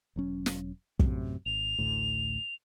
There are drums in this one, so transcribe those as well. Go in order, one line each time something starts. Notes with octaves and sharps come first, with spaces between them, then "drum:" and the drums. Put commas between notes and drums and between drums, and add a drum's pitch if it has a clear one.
E1 F#3 C#4
drum: snare
F#2 A2 C3, drum: kick
G#1 F7
A1 D2 A2